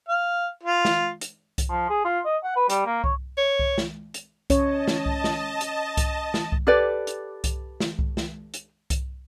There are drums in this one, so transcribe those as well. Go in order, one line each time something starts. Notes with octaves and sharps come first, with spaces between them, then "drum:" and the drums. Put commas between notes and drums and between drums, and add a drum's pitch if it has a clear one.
F5
F4
drum: snare
drum: hi-hat
drum: kick C2, hi-hat
F3
G#4
F4
D#5
F#5
B4
G3, drum: hi-hat
A#3
C#5, drum: kick C2
C#5
drum: kick C2
drum: snare
drum: hi-hat
C#4 C#5 D#5 A5, drum: kick C2, hi-hat
drum: snare
drum: kick C2
drum: snare
drum: hi-hat
drum: kick C2, hi-hat
drum: snare
drum: kick C2
G4 A4 B4 D5
drum: hi-hat
drum: kick C2, hi-hat
drum: snare
drum: kick C2
drum: snare
drum: hi-hat
drum: kick C2, hi-hat